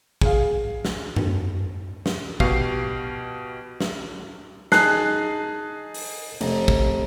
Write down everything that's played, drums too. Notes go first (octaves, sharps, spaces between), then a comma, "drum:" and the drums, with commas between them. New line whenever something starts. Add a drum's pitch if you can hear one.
G#4 F5, drum: kick
drum: snare
drum: tom F#2
drum: snare
B2 G4 F5 C#6 C7, drum: kick
drum: snare
D#4 G#4 A5 F#6 C7, drum: snare
drum: open hi-hat
F1, drum: cymbal
drum: kick